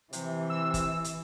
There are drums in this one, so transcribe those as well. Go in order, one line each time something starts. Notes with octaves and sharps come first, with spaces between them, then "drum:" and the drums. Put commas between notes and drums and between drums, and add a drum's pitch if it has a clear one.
C3 E3, drum: hi-hat
E6
drum: kick F#1, hi-hat
drum: hi-hat